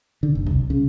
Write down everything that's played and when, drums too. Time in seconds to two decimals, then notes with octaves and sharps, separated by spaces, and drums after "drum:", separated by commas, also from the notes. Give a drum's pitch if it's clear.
0.23 D3
0.35 F#1
0.47 C2, drum: kick C#2
0.70 C#3